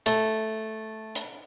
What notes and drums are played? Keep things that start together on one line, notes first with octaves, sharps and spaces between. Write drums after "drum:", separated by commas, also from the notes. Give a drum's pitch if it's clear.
A3, drum: hi-hat
drum: hi-hat